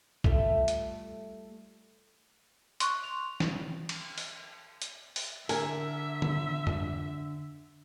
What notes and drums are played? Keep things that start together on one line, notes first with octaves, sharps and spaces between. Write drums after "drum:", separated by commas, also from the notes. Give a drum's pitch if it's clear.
G3 A3 F4, drum: kick A#1
drum: hi-hat
C6 C#6 F#6, drum: hi-hat
F7
drum: snare
drum: cymbal
drum: open hi-hat
drum: hi-hat
drum: open hi-hat
D3 A#4 E5 G#5, drum: open hi-hat
drum: tom
drum: tom F2